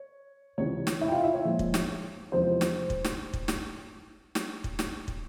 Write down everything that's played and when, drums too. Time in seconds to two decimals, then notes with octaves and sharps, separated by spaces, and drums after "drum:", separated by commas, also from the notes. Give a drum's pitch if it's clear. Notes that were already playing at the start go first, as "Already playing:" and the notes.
Already playing: C#5
0.58 C#2 C3 E3 C#5
0.87 drum: snare
1.01 E4 E5
1.08 G5
1.11 F4 F5
1.23 E4 E5
1.34 C#5
1.44 A#2 F3 G#3
1.59 drum: kick
1.74 drum: snare
2.32 E2 C3 F3 G#3 C5
2.61 drum: snare
2.90 drum: kick
3.04 drum: snare
3.34 drum: kick
3.48 drum: snare
4.35 drum: snare
4.64 drum: kick
4.79 drum: snare
5.08 drum: kick